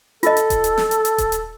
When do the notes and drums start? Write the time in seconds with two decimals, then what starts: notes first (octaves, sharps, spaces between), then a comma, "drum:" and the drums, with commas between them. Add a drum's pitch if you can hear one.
0.23 F4 A4 D#5, drum: hi-hat
0.37 drum: hi-hat
0.50 drum: kick D#1, hi-hat
0.64 drum: hi-hat
0.77 drum: snare
0.91 drum: hi-hat
1.05 drum: hi-hat
1.18 drum: kick D#1, hi-hat
1.32 drum: hi-hat